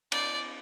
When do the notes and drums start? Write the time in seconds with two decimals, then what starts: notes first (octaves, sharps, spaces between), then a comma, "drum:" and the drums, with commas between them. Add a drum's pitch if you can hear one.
0.12 D5, drum: cymbal